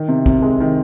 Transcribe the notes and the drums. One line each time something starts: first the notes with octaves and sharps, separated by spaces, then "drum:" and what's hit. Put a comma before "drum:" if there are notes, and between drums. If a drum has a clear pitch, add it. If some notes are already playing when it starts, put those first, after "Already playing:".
Already playing: D#3
C3
C3, drum: kick
G#3
D#3